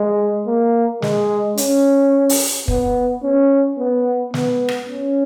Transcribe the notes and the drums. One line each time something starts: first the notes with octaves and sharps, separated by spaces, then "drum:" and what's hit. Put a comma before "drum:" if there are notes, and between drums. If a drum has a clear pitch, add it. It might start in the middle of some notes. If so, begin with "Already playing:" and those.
Already playing: G#3
A#3
G#3, drum: snare
C#4, drum: hi-hat
drum: open hi-hat
B3, drum: kick
C#4
B3
B3, drum: snare
drum: rim click
C#4